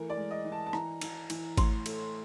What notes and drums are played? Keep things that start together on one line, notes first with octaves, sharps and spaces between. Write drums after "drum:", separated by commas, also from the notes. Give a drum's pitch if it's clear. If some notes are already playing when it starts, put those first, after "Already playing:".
Already playing: E3 A3 A#4
D5
G#3
D#5
E3
A5
A5
E3 A#5, drum: rim click
E3, drum: cymbal
E3, drum: cymbal
A2 C6, drum: kick G#1, cymbal
A3, drum: cymbal